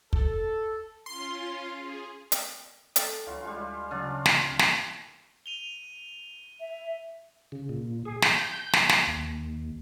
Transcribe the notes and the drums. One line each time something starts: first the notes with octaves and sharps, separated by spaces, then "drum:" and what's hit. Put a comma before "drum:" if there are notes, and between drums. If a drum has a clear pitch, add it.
A4, drum: kick
C#4 F4 C6
G#4
drum: hi-hat
A4 A5, drum: hi-hat
D2 E3 F#3 F4
G3 G#3 F4
C#3 F#3 C#4 D4 F4
C4, drum: snare
drum: snare
D#7 F7 G7
E5
C#3
A#2
G#4
G6, drum: snare
drum: snare
drum: snare
D#2